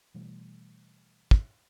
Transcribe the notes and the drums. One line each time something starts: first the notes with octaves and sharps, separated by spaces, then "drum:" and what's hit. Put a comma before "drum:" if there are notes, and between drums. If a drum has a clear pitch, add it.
B2 E3 G3 A3
drum: kick